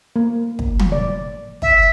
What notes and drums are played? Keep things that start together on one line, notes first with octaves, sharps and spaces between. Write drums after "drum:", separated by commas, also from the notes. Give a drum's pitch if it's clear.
A#3
drum: kick
drum: tom
D5
E5, drum: kick